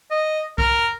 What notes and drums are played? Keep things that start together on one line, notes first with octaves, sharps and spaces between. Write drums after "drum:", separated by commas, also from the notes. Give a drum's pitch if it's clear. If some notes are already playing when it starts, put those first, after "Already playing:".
D#5
A#4, drum: kick B1